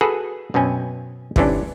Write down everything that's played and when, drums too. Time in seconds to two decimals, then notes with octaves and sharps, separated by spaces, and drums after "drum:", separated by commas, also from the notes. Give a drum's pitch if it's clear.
0.01 F#4 G#4 A4 B4
0.54 F#2 B2 C4 C#4 G#5
1.36 G1 C3 E3 C#4 D4, drum: kick